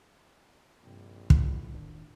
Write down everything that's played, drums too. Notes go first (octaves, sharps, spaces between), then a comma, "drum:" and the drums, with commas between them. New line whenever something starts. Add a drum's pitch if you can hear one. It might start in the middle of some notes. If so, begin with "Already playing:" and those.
A#1 G2 C3
E2 A2 D3 F4, drum: kick
E1 D#3 D4